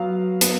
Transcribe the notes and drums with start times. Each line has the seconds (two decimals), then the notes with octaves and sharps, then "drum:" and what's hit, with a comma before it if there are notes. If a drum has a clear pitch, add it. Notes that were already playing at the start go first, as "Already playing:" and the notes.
Already playing: F#3 B3 F5
0.41 B3, drum: hi-hat